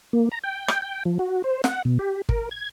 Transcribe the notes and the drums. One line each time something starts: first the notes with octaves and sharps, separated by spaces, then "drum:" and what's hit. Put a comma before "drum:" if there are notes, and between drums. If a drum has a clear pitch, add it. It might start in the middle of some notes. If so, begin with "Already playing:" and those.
A#3
A#5
G5
drum: rim click
G5
F3
F#4
C5
F#5, drum: snare
B2
G4
A#4, drum: kick
G#6